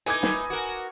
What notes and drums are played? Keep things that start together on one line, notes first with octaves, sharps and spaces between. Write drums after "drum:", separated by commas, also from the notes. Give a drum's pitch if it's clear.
D#4 E4 B4 G#5 D6 G#6, drum: hi-hat
drum: snare
F#4 A#4